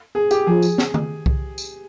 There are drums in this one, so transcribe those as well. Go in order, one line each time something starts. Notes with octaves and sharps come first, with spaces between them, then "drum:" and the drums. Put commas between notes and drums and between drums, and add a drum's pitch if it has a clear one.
G#4
G4, drum: tambourine
F3 G#4
drum: tambourine
drum: snare
drum: tom D#3
drum: kick C2
drum: tambourine